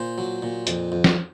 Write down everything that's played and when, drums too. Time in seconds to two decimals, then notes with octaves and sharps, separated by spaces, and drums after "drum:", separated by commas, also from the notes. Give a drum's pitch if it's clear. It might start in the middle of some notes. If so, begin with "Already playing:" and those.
Already playing: A#2 C5
0.18 F#3
0.42 A#2
0.67 F2, drum: hi-hat
0.92 F2
1.04 drum: snare F3